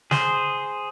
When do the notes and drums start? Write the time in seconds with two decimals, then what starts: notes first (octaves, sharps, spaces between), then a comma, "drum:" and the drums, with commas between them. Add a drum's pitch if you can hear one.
0.11 G#4 C5, drum: snare